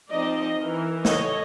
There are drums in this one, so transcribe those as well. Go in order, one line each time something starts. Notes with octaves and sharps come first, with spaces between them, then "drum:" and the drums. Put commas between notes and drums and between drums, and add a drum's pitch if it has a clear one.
F3 C4 D#4 D5 D#5
E3 A#4
A4 C#5 D#5, drum: snare